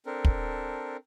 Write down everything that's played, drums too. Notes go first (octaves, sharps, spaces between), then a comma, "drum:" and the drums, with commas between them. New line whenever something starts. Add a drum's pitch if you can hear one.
C4 D4 A4 A#4
drum: kick